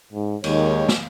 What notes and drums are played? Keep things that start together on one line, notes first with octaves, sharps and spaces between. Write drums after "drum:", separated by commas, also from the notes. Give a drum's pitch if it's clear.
G#2
D#2 D#3 G#3 C#5, drum: cymbal
drum: snare